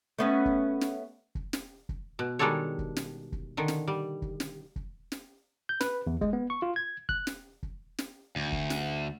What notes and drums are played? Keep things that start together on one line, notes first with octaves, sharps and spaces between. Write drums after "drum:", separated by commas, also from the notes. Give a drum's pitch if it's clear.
A3 B3 C#4
drum: kick
drum: snare
drum: kick
drum: snare
drum: kick
B2
D#3 G3 G#3 D4 A4 C#5
drum: kick
drum: snare
drum: kick
D3 D#3
drum: snare
G3
drum: kick
drum: snare
drum: kick
drum: snare
G6
B4, drum: snare
E2
G#3, drum: kick
B3
C#6
F4
G#6
F#6, drum: kick
drum: snare
drum: kick
drum: snare
D2
drum: kick
drum: snare